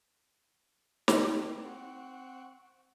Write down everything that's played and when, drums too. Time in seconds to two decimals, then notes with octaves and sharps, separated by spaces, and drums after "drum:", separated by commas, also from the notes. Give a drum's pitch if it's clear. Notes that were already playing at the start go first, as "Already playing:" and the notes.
1.08 C4, drum: snare
1.64 F#5 C#6